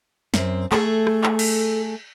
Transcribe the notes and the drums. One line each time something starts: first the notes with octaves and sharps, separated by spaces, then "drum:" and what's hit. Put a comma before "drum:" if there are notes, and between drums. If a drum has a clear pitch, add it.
F#2 C4, drum: snare
A3 G#4 A4, drum: clap
drum: rim click
drum: clap
drum: cymbal